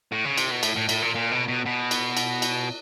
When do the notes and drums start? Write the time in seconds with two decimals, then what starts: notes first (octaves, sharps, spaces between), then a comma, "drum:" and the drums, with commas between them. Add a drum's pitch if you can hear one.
0.12 A2
0.25 C#3
0.38 C3, drum: cymbal
0.51 B2
0.63 A2, drum: cymbal
0.76 A2
0.89 A2, drum: cymbal
1.02 A#2
1.15 A#2
1.31 B2
1.48 B2
1.66 B2
1.91 drum: cymbal
2.17 drum: cymbal
2.42 drum: cymbal